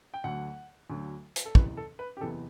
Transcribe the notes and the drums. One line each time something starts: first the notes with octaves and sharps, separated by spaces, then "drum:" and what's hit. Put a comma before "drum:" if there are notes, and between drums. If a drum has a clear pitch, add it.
G5
D2 D3 F#3 A3 F#5
D2 D3 F#3 A3
drum: hi-hat
A4
F#1 E2 C3 E3 B3 B4, drum: kick
A4
B4
G4
F#1 E2 C3 E3 B3 A4